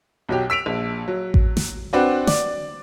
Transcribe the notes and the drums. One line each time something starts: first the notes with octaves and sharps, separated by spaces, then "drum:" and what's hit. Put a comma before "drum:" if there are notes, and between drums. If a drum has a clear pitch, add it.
B1 F#3 G4
E6 B6 D7 F7
A#1
F#3
drum: kick A1
drum: snare
C4 D4 F#4 B4 D5
D5, drum: snare